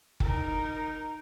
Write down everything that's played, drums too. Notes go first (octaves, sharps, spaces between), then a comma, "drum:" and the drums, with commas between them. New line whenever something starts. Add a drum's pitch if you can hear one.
D#4 A#4, drum: kick